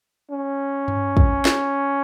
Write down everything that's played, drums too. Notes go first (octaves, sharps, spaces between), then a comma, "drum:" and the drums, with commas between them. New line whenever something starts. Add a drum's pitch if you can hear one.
C#4
drum: tom G2
drum: kick
drum: snare